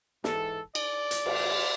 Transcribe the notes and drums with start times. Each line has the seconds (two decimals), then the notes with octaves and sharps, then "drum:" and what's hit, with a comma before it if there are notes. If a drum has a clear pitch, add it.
0.24 G#2 E3 A4, drum: snare
0.75 D5, drum: cymbal
1.11 drum: hi-hat
1.26 A2 E3, drum: cymbal